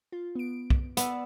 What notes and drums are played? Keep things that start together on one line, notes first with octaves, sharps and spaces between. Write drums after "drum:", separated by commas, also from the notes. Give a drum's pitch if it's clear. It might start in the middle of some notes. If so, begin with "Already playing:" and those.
F4
B3 D7
drum: kick
B3 B4 D5 E6, drum: hi-hat